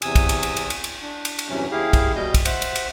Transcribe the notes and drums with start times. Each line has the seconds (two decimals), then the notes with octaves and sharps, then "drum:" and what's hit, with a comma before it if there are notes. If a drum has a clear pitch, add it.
0.02 E2 C3 G#5 D#6 E6, drum: cymbal
0.15 drum: kick, cymbal
0.29 drum: cymbal
0.43 drum: cymbal
0.57 drum: cymbal
0.70 drum: cymbal
0.84 drum: cymbal
1.02 D4
1.25 drum: cymbal
1.39 drum: cymbal
1.49 E2 G2 C3 E3 F#3 C#4
1.71 D#2 E4 G4 G#4 F5
1.93 drum: kick, cymbal
2.15 B2 G3 D#5 G6
2.34 drum: kick, cymbal
2.45 C5 E5 F#5, drum: cymbal
2.62 drum: cymbal
2.75 drum: cymbal